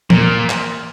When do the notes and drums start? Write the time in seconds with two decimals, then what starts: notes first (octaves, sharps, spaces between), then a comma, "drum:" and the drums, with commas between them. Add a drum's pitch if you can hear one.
0.10 A#2, drum: tom E3
0.50 drum: clap